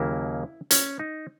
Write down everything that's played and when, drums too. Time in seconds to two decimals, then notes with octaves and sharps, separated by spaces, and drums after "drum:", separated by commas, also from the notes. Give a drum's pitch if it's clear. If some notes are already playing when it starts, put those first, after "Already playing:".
Already playing: D#2 C#3 F#3 A#3 E4
0.71 C#4, drum: hi-hat
0.99 D#4